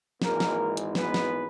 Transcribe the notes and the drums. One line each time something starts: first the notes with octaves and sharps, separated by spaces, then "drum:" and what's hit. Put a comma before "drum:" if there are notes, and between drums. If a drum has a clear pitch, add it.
G#1 G#2 E3 G#3 A#3 A#4, drum: snare
drum: snare
drum: hi-hat
B3 B4, drum: snare
drum: snare